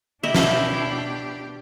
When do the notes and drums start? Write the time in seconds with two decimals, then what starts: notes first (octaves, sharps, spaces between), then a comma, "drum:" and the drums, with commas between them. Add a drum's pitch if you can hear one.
0.23 B2 D4 E4 G4 D#5 E5
0.34 drum: snare